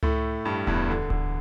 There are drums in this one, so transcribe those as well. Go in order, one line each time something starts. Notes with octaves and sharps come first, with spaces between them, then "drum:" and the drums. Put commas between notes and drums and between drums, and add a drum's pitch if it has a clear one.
A2 A3, drum: tom C#2
G2 G3
E2 E3, drum: kick D1
D3
D3, drum: kick D1